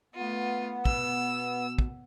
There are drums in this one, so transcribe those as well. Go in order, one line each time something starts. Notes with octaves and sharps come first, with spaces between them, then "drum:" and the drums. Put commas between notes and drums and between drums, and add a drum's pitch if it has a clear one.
A3 B3 F4
B2 E6, drum: kick
drum: kick